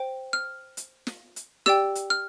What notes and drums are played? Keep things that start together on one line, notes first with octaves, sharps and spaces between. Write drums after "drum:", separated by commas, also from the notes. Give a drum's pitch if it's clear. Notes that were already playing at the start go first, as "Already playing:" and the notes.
Already playing: C5 G5
F6
drum: hi-hat
drum: snare
drum: hi-hat
G4 D5 G5 E6, drum: snare
drum: hi-hat
F6